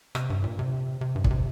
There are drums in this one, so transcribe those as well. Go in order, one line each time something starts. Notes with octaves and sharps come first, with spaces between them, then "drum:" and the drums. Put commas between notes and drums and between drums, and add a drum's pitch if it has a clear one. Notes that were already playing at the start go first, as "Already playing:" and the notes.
C3, drum: rim click
G2
A#2
C3
C3
G2
A#2, drum: kick
C3